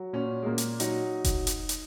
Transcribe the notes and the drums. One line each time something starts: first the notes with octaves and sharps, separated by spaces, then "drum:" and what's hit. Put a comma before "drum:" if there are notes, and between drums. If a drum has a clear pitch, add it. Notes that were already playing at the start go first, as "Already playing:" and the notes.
Already playing: F#3
A#2 C#4
G#3
A#2 A#3
drum: hi-hat
F#3 D#4, drum: hi-hat
drum: kick F1, hi-hat
drum: hi-hat
drum: hi-hat